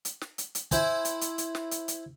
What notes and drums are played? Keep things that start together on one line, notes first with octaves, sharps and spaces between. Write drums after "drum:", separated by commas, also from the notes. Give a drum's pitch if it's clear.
drum: hi-hat
drum: snare
drum: hi-hat
drum: hi-hat
E4 C5 G#5, drum: kick, hi-hat
drum: hi-hat
drum: hi-hat
drum: hi-hat
drum: snare
drum: hi-hat
drum: hi-hat